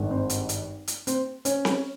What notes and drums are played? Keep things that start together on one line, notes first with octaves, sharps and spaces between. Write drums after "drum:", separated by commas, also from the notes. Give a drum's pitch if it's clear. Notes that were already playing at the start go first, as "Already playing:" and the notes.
Already playing: G#1 G2 D#3 G#3
C4
drum: hi-hat
drum: hi-hat
drum: hi-hat
C4, drum: hi-hat
C#4, drum: hi-hat
drum: snare C4